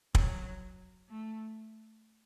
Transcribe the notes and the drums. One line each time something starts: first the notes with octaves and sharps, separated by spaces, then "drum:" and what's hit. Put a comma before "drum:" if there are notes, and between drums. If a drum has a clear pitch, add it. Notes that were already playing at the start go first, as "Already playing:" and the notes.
F#3, drum: kick
A3